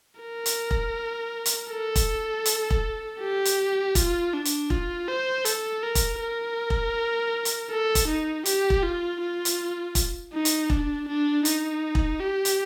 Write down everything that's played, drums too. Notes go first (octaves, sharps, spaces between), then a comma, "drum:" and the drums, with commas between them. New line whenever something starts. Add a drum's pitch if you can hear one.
A#4
drum: hi-hat
drum: kick E1
drum: hi-hat
A4
drum: kick E1, hi-hat
drum: hi-hat
drum: kick E1
G4
drum: hi-hat
F4, drum: kick E1, hi-hat
D4
drum: hi-hat
F4, drum: kick E1
C5
A4, drum: hi-hat
A#4
drum: kick E1, hi-hat
A#4
drum: kick E1
drum: hi-hat
A4
drum: kick E1, hi-hat
D#4
G4, drum: hi-hat
drum: kick E1
F4
F4
drum: hi-hat
drum: kick E1, hi-hat
D#4
drum: hi-hat
D4, drum: kick E1
D4
D#4, drum: hi-hat
drum: kick E1
G4
drum: hi-hat